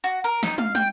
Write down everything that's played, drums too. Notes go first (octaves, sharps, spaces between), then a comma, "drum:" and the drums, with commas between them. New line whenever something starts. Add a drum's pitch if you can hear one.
F#4
A#4
D#4, drum: snare
F5, drum: tom
G5, drum: tom